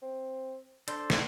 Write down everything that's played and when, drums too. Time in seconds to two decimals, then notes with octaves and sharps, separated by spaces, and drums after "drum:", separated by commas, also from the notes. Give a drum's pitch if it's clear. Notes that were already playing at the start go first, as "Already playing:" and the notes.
0.02 C4
0.88 D4 A4 C5, drum: hi-hat
1.10 drum: snare